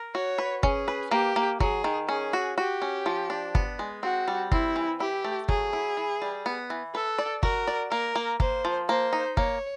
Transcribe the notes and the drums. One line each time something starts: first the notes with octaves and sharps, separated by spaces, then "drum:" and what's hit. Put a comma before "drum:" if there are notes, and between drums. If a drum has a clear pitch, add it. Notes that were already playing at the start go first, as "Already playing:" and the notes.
Already playing: A#4
F#4 C#5
B4
C#4 G#4, drum: kick G1
B4
A#3 G4
A#3
F#3 G#4, drum: kick G1
D#3
C#4 G#4
F#4
F#4 G4
C#4
F3
D4
B3, drum: kick G1
G#3
C4 F#4
G3
C4 E4, drum: kick G1
E3
E4 G4
A3
F#3 G#4, drum: kick G1
E4
E3
G3
B3
E3
A4 B4
D5
F#4 A#4, drum: kick G1
D5
A#3 A#4
A#3
A#3 C5, drum: kick G1
F3
A#3 C5
D#4
A#3 C#5, drum: kick G1